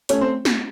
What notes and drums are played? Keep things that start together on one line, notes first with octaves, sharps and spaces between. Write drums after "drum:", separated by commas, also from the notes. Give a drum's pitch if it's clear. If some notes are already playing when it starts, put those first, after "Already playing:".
A3 C#4 C#5, drum: hi-hat
C4 C5
drum: snare